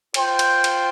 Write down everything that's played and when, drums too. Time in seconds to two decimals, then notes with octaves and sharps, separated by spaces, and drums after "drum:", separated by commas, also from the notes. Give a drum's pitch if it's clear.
0.14 F4 C5 G5, drum: cymbal
0.39 drum: cymbal
0.64 drum: cymbal